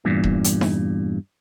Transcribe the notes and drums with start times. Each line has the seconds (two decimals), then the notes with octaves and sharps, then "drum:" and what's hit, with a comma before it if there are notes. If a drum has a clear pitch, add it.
0.05 E2 G2 A#2
0.24 drum: kick E1
0.44 drum: hi-hat
0.61 drum: snare D#4